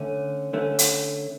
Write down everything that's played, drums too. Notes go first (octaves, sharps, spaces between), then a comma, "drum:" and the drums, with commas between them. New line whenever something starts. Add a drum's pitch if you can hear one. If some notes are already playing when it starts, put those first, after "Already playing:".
Already playing: D3 A3 C#4
D3 A3 C#4
drum: hi-hat